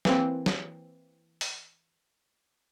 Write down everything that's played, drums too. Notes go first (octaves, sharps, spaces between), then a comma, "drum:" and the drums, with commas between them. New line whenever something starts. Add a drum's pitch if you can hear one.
E3 A#3 C4, drum: snare
drum: snare
drum: open hi-hat